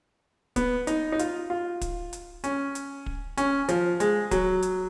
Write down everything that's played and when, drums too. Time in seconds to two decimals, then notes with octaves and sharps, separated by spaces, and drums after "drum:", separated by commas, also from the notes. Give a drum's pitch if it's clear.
0.56 B3, drum: kick, hi-hat
0.87 D#4, drum: hi-hat
1.12 D#4
1.19 F4, drum: hi-hat
1.50 F4
1.81 drum: kick, hi-hat
2.13 drum: hi-hat
2.44 C#4, drum: hi-hat
2.75 drum: hi-hat
3.06 drum: kick
3.37 C#4, drum: hi-hat
3.69 F3, drum: hi-hat
4.00 G#3, drum: hi-hat
4.31 F#3, drum: kick, hi-hat
4.62 drum: hi-hat